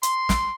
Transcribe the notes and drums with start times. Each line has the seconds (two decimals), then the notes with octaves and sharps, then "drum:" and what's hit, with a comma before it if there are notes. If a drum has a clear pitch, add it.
0.03 C6, drum: hi-hat
0.29 drum: snare